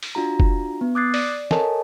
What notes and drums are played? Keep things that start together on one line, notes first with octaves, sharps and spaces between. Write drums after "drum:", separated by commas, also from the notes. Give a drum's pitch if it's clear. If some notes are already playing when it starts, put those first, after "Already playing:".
drum: open hi-hat
D4 F4 F#4 A#5
drum: kick
B3
D6 D#6 F#6 G#6 A6 C7
D5, drum: open hi-hat
A4 A#4 C#5 D#5 G#5 A5, drum: snare